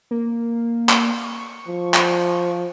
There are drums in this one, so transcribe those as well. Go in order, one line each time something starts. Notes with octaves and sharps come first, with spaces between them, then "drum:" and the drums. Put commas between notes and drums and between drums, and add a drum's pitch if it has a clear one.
A#3
drum: clap
C#6
F3
drum: clap